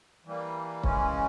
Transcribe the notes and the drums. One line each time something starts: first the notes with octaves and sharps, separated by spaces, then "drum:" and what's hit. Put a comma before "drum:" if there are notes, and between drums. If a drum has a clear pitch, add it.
E3 G3 A#3
C#3 E3 G#3 C#4, drum: kick C#1